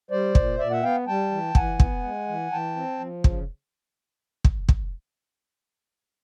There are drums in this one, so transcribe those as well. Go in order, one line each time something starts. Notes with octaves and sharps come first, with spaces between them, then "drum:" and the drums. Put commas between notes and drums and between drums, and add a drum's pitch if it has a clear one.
G3 C5 D5
A#2, drum: kick
A#2 D5 E5
E5 F#5
B3 F5 G5
G3 G5 A5
E3
E3 F#5 G#5, drum: kick
B3, drum: kick
G#3
E3
E3 G5 A5
C4
F3
C#3, drum: kick
drum: kick
drum: kick